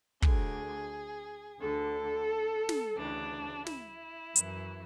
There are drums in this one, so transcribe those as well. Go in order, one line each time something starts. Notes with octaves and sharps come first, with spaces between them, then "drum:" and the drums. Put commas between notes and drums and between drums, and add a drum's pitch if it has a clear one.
D2 D3 G#4, drum: kick
D2 D3 A4
drum: snare
D2 C#3 E3 D4
E4, drum: snare
F#2 E3, drum: hi-hat